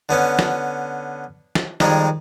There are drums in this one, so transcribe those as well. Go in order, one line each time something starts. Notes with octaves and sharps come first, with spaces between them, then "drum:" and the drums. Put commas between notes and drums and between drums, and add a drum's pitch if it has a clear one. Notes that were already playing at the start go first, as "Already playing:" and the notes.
D3 B3 C#4
drum: snare
drum: snare
F2 D#3 G3 G#3 D#4, drum: snare